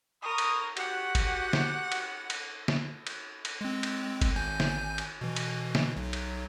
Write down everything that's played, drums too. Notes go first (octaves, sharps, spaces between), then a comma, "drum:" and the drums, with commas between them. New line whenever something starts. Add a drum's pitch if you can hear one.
A#4 B5 C#6 D#6
drum: cymbal
F#4 G4 F#5, drum: cymbal
drum: kick F#1, cymbal
drum: snare
drum: cymbal
drum: cymbal
drum: snare
drum: cymbal
drum: cymbal
G#3 C4
drum: cymbal
drum: kick F#1, cymbal
G#1 G#5 G6
drum: snare
drum: cymbal
B2 E3
drum: cymbal
drum: snare
B1 F#3
drum: cymbal